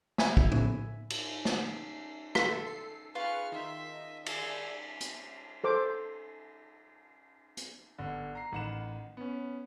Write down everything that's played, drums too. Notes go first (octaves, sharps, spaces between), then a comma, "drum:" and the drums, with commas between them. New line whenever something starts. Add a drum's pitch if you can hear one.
E5 G#5 B5, drum: snare
drum: kick
drum: tom
drum: cymbal
drum: snare
A4 E5, drum: rim click
C7
F4 G#4 B4 C#6 F6
D#3 E5 C6
D#5
G#4 D5 E6, drum: cymbal
drum: hi-hat
A4 C5 D6
drum: hi-hat
G1 D3
A#5 C7
A1 D#3 F#5 B5 E7
B3 C#4